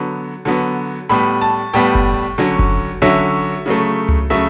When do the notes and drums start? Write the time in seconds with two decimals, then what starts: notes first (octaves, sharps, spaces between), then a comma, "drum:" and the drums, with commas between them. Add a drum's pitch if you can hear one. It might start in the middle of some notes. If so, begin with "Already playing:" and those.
Already playing: D3 F#3 B3
0.45 D3 F#3 B3
1.09 A2 G3 B3 B5
1.41 A5
1.73 A2 G3 B3 G5
1.95 drum: kick F#1
2.38 D3 F#3 C#4
2.59 drum: kick F#1
3.02 D3 F#3 C#4 E5
3.66 C#3 F#3 A3
4.09 drum: tom C#2
4.30 C#3 F#3 A3 E5